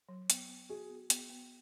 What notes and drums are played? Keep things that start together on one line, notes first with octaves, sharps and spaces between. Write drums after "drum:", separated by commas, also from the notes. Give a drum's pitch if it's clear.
F#3
B3, drum: hi-hat
B3
F#4 G#4
B3
B3, drum: hi-hat
B3